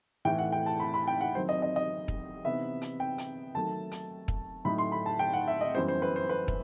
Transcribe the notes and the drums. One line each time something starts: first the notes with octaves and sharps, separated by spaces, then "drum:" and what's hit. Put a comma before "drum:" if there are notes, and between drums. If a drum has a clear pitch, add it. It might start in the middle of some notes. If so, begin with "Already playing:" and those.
A2 E3 A3 E4 G5
F#5
G5
A5
B5
B5
G5
F#5
D#3 F#3 C4 C5
D#5
D#5
D#5
drum: kick
C3 E3 B3 D#4 E5
drum: hi-hat
G5
drum: hi-hat
D#3 F#3 A3 A5
drum: hi-hat
drum: kick
A2 F#3 A3 D#4 B5
C6
B5
A5
G5
F#5
E5
D#5
F#2 E3 G3 B3 C5
C5
B4
C5
B4
drum: kick